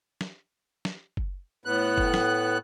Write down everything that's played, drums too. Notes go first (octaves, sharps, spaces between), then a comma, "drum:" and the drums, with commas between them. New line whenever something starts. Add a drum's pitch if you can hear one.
drum: snare
drum: snare
drum: kick F#1
A2 B3 F#6
drum: kick F#1
drum: snare